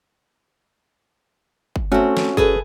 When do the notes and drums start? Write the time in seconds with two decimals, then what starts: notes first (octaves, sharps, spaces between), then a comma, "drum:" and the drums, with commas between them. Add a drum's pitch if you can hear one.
1.76 drum: kick G1
1.92 A3 C4 C#4 F#4
2.17 drum: snare
2.37 G#4 A4 B4, drum: kick G1